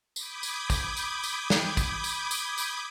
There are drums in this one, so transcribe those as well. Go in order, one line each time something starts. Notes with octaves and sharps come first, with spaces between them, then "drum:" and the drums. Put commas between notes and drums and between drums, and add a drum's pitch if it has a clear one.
B5 D6 D#6 G6 G#6, drum: tambourine
drum: tambourine
drum: kick, tambourine
drum: tambourine
drum: tambourine
drum: snare
drum: kick, tambourine
drum: tambourine
drum: tambourine
drum: tambourine